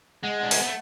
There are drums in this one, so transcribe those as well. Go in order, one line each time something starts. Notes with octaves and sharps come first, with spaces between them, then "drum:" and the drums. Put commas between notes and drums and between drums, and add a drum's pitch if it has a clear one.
G#3 F#5
D4 F#5
C#4, drum: open hi-hat
B3 F#5
A3